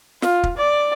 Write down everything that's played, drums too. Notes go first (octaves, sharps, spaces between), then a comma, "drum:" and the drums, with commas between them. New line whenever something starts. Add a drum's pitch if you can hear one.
F4, drum: snare
drum: kick
D5